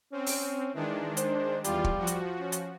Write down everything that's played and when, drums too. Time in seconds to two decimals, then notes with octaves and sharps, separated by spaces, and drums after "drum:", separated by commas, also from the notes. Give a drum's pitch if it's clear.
0.12 C4 C#4
0.26 drum: open hi-hat
0.75 D#3 E3 G#3 D4
1.17 C5, drum: hi-hat
1.64 E2 G3 F4, drum: hi-hat
1.84 drum: kick
1.98 F3 F#4
2.07 drum: hi-hat
2.40 C#4
2.52 drum: hi-hat